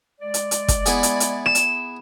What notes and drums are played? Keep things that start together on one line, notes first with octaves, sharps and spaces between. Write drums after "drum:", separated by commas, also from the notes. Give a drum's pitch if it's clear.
G#3 D5
drum: hi-hat
drum: hi-hat
drum: kick, hi-hat
B3 E4 G#4, drum: hi-hat
drum: hi-hat
drum: hi-hat
E7
drum: hi-hat